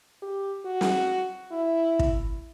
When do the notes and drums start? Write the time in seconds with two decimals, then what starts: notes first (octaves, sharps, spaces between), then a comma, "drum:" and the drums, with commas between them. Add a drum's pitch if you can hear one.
0.22 G4
0.65 F#4
0.81 drum: snare
1.51 E4
1.99 drum: kick